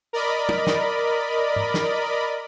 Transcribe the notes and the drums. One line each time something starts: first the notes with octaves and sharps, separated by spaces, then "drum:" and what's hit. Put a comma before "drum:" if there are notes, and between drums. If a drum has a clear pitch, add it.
A#4 D5 D#5 B5
drum: tom
drum: snare
drum: tom G#2
drum: snare